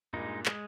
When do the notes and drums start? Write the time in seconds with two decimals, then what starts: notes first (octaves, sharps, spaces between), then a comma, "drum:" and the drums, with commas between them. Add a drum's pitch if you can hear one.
0.13 G2 A#2 G#3 D#4
0.46 G#3, drum: clap